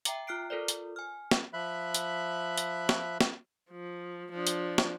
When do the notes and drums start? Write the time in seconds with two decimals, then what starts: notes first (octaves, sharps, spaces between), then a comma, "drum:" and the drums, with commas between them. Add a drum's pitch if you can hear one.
0.05 E5 G5 A#5 D6 C#7, drum: hi-hat
0.27 F4 F6 F#6 C7 D7
0.50 F4 A4 A#4 C5 D5
0.68 drum: hi-hat
0.96 G#5 F6
1.31 drum: snare
1.53 F3 E5 B5 F#6
1.94 drum: hi-hat
2.58 drum: hi-hat
2.89 drum: snare
3.21 drum: snare
3.71 F3
4.32 F3 D4
4.47 drum: hi-hat
4.78 drum: snare